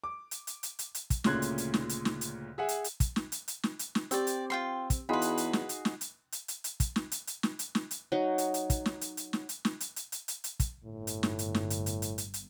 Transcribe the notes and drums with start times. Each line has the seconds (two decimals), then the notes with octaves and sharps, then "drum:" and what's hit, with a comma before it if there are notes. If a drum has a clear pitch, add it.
0.04 D6
0.31 drum: hi-hat
0.47 drum: hi-hat
0.63 drum: hi-hat
0.79 drum: hi-hat
0.95 drum: hi-hat
1.10 drum: kick, hi-hat
1.24 D2 A#2 C#3 C6 F#6 G#6, drum: snare
1.42 drum: hi-hat
1.58 drum: hi-hat
1.74 drum: snare
1.89 drum: hi-hat
2.05 drum: snare
2.21 drum: hi-hat
2.58 G#4 E5 F#5 G#5
2.69 drum: hi-hat
2.84 drum: hi-hat
3.00 drum: kick, hi-hat
3.16 drum: snare
3.32 drum: hi-hat
3.48 drum: hi-hat
3.63 drum: snare
3.79 drum: hi-hat
3.95 drum: snare
4.11 C4 G4 D5 G5 E6, drum: hi-hat
4.27 drum: hi-hat
4.50 F4 G5 C6
4.90 drum: kick, hi-hat
5.09 E2 D#4 F#4 G#4 B4 F5 B5 C6
5.22 drum: hi-hat
5.37 drum: hi-hat
5.53 drum: snare
5.69 drum: hi-hat
5.85 drum: snare
6.01 drum: hi-hat
6.32 drum: hi-hat
6.48 drum: hi-hat
6.64 drum: hi-hat
6.80 drum: kick, hi-hat
6.96 drum: snare
7.12 drum: hi-hat
7.27 drum: hi-hat
7.43 drum: snare
7.59 drum: hi-hat
7.75 drum: snare
7.91 drum: hi-hat
8.12 F#3 D#4
8.38 drum: hi-hat
8.54 drum: hi-hat
8.70 drum: kick, hi-hat
8.86 drum: snare
9.01 drum: hi-hat
9.17 drum: hi-hat
9.33 drum: snare
9.49 drum: hi-hat
9.65 drum: snare
9.80 drum: hi-hat
9.96 drum: hi-hat
10.12 drum: hi-hat
10.28 drum: hi-hat
10.44 drum: hi-hat
10.60 drum: kick, hi-hat
10.84 G1 A2
11.07 drum: hi-hat
11.23 drum: snare
11.39 drum: hi-hat
11.55 drum: snare
11.70 drum: hi-hat
11.86 drum: hi-hat
12.02 drum: hi-hat
12.18 drum: hi-hat
12.34 drum: hi-hat